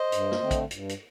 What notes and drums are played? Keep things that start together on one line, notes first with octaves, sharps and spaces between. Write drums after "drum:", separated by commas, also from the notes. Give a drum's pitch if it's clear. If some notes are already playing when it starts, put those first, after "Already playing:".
Already playing: C5 D#5
G2, drum: hi-hat
drum: snare
D3 A3 C4
drum: kick, hi-hat
G2, drum: hi-hat
drum: hi-hat